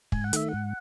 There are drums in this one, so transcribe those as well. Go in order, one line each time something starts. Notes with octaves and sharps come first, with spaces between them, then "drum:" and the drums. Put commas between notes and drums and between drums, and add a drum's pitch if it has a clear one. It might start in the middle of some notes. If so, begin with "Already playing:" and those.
G#2 G#5, drum: kick
F#5
D#3 A3 E5, drum: hi-hat
G#2 F#5